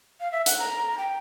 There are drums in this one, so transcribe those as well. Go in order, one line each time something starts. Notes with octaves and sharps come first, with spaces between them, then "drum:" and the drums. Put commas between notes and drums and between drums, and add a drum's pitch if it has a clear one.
F5
E5
F#5, drum: hi-hat
A#5
G5